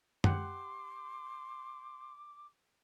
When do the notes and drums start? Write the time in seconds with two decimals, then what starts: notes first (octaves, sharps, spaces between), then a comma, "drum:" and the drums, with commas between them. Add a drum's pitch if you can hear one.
0.24 G4 F#5 C6 D6, drum: tom F#2